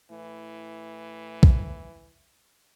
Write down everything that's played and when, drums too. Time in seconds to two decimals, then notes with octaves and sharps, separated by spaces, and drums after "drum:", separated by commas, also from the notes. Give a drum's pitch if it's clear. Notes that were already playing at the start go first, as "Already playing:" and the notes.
0.10 A2 E3
1.43 drum: kick